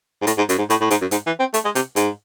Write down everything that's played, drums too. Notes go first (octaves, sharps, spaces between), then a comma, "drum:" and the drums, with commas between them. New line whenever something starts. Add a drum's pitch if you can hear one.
G#2
A2, drum: hi-hat
G#2
F#2, drum: hi-hat
G#2
A2, drum: hi-hat
A2
G#2, drum: hi-hat
F#2
G#2, drum: hi-hat
E3
C4
A3, drum: hi-hat
G#3
C3, drum: hi-hat
G#2, drum: hi-hat